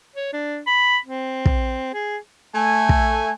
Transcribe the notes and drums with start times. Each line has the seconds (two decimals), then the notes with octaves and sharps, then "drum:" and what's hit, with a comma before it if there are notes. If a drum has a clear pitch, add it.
0.16 C#5
0.33 D4
0.67 B5
1.05 C4
1.46 drum: kick
1.93 G#4
2.54 A3 G#5
2.89 drum: kick